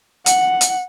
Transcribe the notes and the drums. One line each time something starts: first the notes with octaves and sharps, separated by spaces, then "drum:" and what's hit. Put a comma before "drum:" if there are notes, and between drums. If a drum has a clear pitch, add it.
F#5, drum: hi-hat
drum: hi-hat